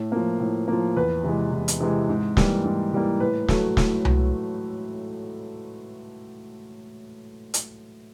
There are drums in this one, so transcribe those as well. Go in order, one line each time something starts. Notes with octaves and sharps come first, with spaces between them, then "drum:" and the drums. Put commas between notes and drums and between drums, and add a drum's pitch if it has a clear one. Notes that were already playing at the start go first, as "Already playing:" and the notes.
Already playing: A2
F3 A#3
A2
F3 A#3
E2 B4
C3 E3 G#3
E2
drum: hi-hat
C3 E3 G#3
G#2
E3 G3 A#3, drum: snare
G#2
E3 G3 A#3
A2 B4
F#3 A3, drum: snare
A2, drum: snare
F#3, drum: tom C2
drum: hi-hat